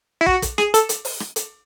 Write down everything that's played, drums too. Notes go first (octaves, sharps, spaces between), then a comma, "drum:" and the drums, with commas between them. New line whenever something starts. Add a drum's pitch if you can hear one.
E4
F#4, drum: kick
drum: kick, hi-hat
G#4, drum: rim click
A4, drum: hi-hat
drum: hi-hat
drum: open hi-hat
drum: rim click
drum: hi-hat